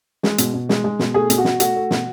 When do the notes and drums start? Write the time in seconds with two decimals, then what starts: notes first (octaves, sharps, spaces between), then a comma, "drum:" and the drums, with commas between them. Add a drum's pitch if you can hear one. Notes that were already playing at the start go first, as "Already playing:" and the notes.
0.23 G#3, drum: snare
0.38 B2, drum: hi-hat
0.54 B2
0.69 G#3, drum: snare
0.84 G#3
0.99 B2, drum: snare
1.14 A3 G#4
1.30 B2, drum: hi-hat
1.38 F#4
1.45 B2, drum: snare
1.60 A3 F#4, drum: hi-hat
1.76 A3
1.91 B2, drum: snare